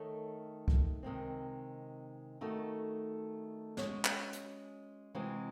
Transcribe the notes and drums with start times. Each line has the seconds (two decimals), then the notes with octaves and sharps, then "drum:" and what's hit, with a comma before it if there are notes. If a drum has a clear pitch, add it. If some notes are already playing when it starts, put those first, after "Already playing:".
Already playing: D#3 A3 D#4 A4 C#5
0.68 drum: kick C2
1.03 C3 D#3 G#3 C4
2.41 D#3 A3 D#4 F#4 A4
3.77 G#3 C#4 F#4 C#5, drum: snare
4.05 drum: clap
4.33 drum: hi-hat
5.15 C3 E3 G#3 C4 F#4